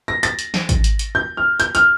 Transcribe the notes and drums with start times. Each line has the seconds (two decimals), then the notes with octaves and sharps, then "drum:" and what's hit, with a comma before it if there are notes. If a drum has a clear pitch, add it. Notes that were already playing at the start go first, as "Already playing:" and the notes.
0.08 A#6
0.23 A6, drum: hi-hat
0.39 drum: hi-hat
0.54 drum: snare
0.69 drum: kick, hi-hat
0.84 drum: hi-hat
0.99 drum: hi-hat
1.15 G6
1.37 F6
1.60 G6, drum: hi-hat
1.75 F6, drum: hi-hat